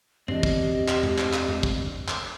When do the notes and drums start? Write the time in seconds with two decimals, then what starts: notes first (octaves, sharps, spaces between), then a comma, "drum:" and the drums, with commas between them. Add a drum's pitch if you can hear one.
0.28 E2 B2 C4 D4 G4 D#5 C7, drum: tom F#2
0.43 drum: kick
0.88 drum: clap
1.03 drum: tom F#2
1.18 drum: clap
1.33 drum: clap
1.48 drum: tom F#2
1.63 drum: kick
2.08 drum: clap